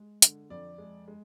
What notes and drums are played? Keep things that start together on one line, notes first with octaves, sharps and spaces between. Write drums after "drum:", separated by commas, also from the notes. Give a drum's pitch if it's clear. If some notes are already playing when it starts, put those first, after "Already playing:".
Already playing: G#3
D3, drum: hi-hat
F2 D5
G#3
G#3